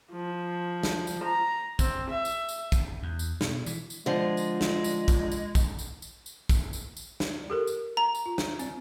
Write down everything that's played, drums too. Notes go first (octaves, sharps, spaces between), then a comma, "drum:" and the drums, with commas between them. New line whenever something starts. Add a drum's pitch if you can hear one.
F3
drum: snare
drum: tambourine
A#5
C4, drum: kick, tambourine
E5
drum: tambourine
drum: tambourine
drum: kick, tambourine
E2
drum: tambourine
B2, drum: snare
E3, drum: tambourine
drum: tambourine
D3 F3 G#3
drum: tambourine
drum: snare
drum: tambourine
drum: kick, tambourine
drum: tambourine
drum: kick, tambourine
drum: tambourine
drum: tambourine
drum: tambourine
drum: kick, tambourine
drum: tambourine
drum: tambourine
drum: snare
G4 A4 A#4
drum: tambourine
A#5
drum: tambourine
F4
drum: snare
C4, drum: tambourine